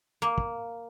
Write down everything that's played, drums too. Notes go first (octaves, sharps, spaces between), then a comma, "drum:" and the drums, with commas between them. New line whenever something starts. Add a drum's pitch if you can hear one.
A#3
drum: kick